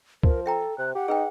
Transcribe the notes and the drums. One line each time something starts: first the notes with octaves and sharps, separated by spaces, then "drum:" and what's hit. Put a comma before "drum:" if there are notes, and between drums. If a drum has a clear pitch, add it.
F3 A#4, drum: kick C2
A4 E5 G5 A#5
C3 F#6
G4 F#5
D#4 G#4 B4 G5